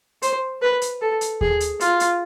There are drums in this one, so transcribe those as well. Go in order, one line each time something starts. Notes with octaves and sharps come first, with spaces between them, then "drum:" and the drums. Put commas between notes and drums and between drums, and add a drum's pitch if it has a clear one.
C5, drum: hi-hat
B4
drum: hi-hat
A4
drum: hi-hat
G#4, drum: kick D#2
drum: hi-hat
F4, drum: hi-hat
drum: hi-hat